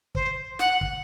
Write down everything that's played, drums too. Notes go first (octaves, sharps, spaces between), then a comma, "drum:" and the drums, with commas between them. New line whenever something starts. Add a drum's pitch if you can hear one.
C5, drum: kick
F#5, drum: snare
drum: kick